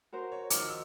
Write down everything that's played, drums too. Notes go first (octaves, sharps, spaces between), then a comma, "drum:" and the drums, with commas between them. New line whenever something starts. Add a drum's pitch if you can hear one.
F#4 A#4 C5
C#5
D#3 F3 D6 F6, drum: hi-hat
E6